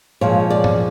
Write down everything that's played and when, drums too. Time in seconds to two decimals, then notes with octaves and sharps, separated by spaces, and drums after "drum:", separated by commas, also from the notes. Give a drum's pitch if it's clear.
0.21 A#2 F3 G#3 C#5
0.50 D5
0.64 drum: tom G2